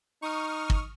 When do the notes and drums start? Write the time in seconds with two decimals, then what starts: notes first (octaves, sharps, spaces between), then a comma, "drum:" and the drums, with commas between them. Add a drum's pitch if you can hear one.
0.22 D#4 C#6 D#6 F6
0.70 drum: kick